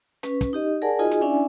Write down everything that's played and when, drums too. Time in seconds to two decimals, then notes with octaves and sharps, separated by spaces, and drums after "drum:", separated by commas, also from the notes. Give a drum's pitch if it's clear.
0.23 C#4 B4, drum: hi-hat
0.41 drum: kick, hi-hat
0.53 D#4 G4 D#5
0.82 G#4 A#4 D5 F#5 G#5 A5
0.99 D#4 F4 F#4 G#4 D#5 G#5
1.11 drum: hi-hat
1.21 C#4 D4 E4 D5 E5 G#5